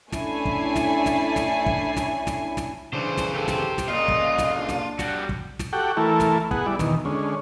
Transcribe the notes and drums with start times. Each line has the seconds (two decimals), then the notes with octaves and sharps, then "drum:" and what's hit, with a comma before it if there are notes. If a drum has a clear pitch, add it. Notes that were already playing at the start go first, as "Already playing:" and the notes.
0.12 A3 C#4 D4 E4 G#5 C7, drum: snare
0.45 drum: kick
0.76 drum: snare
1.06 drum: snare
1.36 drum: snare
1.66 drum: kick
1.97 drum: snare
2.27 drum: snare
2.57 drum: snare
2.93 C#3 E3 D4 C5
3.18 drum: snare
3.34 G4 A4 C5
3.48 drum: snare
3.78 drum: snare
3.88 A#2 C#3 F4 D#5
4.08 drum: kick
4.38 drum: snare
4.56 D4
4.69 drum: snare
4.99 G3 F#4, drum: snare
5.29 drum: kick
5.59 drum: snare
5.73 F#4 G4 A4 F#5 G5
5.97 E3 A3 E4 A4 A#4
6.20 drum: snare
6.51 B3 G#4 F#5, drum: kick
6.66 G3 E4 D5
6.79 E2 B2 D#3, drum: snare
7.05 D3 G#3 C#4